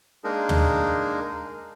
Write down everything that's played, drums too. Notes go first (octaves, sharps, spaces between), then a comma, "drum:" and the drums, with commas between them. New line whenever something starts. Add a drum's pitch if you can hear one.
G#3 A#3 D4 D#4 G#4 A#4
drum: tom